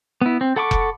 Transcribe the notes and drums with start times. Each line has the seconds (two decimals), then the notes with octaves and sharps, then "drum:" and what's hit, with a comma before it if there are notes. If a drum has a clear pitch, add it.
0.22 B3 E4
0.41 C4
0.56 A4 F#5 B5 C#6 D6
0.71 drum: kick F1